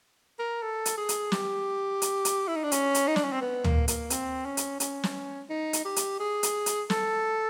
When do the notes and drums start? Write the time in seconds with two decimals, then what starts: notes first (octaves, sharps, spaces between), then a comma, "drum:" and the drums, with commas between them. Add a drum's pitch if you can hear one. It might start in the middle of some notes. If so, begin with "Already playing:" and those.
0.39 A#4
0.62 A4
0.85 drum: hi-hat
0.97 G#4
1.09 drum: hi-hat
1.32 G4, drum: snare
2.02 drum: hi-hat
2.25 drum: hi-hat
2.48 E4
2.56 D#4
2.64 D4
2.72 C#4, drum: hi-hat
2.95 drum: hi-hat
3.07 D#4
3.16 D4, drum: snare
3.24 C#4
3.32 C4
3.41 B3
3.64 A#3, drum: tom
3.88 A#3, drum: hi-hat
4.10 C4, drum: hi-hat
4.45 C#4
4.57 drum: hi-hat
4.80 C#4, drum: hi-hat
5.04 drum: snare
5.49 D#4
5.73 drum: hi-hat
5.85 G4
5.96 drum: hi-hat
6.20 G#4
6.43 drum: hi-hat
6.66 drum: hi-hat
6.90 A4, drum: snare